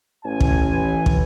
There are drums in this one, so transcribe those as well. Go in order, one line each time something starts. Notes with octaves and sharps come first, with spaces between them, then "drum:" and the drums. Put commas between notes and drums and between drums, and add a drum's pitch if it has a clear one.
A1 G#5
drum: kick
E3
drum: kick